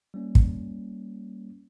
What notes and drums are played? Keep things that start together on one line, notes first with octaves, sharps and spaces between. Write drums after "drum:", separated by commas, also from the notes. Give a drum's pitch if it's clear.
G3 A#3 C#4
drum: kick